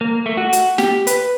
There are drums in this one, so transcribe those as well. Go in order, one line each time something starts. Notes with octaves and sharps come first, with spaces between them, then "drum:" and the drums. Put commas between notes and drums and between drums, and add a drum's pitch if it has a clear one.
A#3
A3
F#4
drum: hi-hat
G4, drum: snare
B4, drum: hi-hat